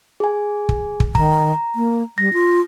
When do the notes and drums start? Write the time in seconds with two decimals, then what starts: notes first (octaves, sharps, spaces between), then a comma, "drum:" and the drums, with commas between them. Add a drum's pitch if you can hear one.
0.20 G#4 G#5
0.69 drum: kick
1.00 drum: kick
1.15 D#3 A#5, drum: kick
1.75 A#3
2.18 G3 A#6
2.33 F4